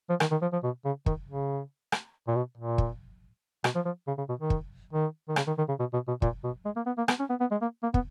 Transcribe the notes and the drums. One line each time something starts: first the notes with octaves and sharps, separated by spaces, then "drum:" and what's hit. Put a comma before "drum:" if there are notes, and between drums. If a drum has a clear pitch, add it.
F3
D#3, drum: rim click
D#3
F3
F3
B2
C#3
D#3, drum: kick
C#3
drum: rim click
A#2
B2
A#2
drum: kick
B2, drum: rim click
F3
F3
C#3
C#3
B2
D#3
drum: kick
D#3
D#3
C#3, drum: rim click
D#3
D#3
C#3
B2
B2
B2
A#2, drum: kick
B2
G#3
A#3
B3
A#3
B3, drum: rim click
C#4
B3
B3
G#3
A#3
A#3
B3, drum: kick